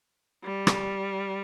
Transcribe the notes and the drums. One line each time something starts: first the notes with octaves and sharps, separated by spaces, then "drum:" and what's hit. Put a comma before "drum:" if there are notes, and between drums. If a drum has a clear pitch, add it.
G3
drum: rim click